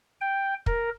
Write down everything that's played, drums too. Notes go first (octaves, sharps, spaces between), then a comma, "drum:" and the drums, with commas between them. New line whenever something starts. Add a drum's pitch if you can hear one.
G5
A#4, drum: kick